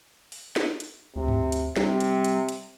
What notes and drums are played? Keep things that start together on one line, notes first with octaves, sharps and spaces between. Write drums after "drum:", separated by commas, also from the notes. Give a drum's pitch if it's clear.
drum: open hi-hat
drum: snare
drum: hi-hat
D2 C3
drum: tom G2
drum: hi-hat
C3 G3, drum: snare
drum: hi-hat
drum: hi-hat
drum: hi-hat